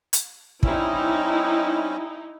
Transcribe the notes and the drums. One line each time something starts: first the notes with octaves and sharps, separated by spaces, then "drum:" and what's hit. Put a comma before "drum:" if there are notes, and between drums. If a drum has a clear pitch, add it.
drum: hi-hat
G3 C4 C#4 D#4 E4, drum: kick